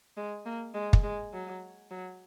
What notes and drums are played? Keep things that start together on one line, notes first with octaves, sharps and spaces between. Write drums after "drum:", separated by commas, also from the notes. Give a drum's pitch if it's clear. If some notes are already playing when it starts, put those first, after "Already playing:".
G#3
A#3
G#3
drum: kick
G#3
F#3
F#3